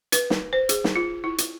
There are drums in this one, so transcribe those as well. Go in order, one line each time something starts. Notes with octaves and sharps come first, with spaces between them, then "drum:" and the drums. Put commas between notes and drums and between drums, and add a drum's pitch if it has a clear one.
B4, drum: hi-hat
drum: snare
C5
G#4, drum: hi-hat
drum: snare
F4
E4
drum: hi-hat